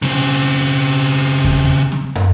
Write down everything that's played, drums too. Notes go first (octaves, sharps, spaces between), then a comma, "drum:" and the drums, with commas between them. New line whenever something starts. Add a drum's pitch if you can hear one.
C#3 C4, drum: snare C4
drum: hi-hat
drum: kick E2
drum: hi-hat
drum: snare C4
drum: tom